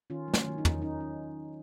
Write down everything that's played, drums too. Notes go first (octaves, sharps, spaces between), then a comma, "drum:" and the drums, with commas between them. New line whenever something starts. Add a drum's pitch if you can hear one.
D#3 C#4 F4
F#3
C#4, drum: snare
D#3
D#4
D#3, drum: tom
C#4 D#4
C#4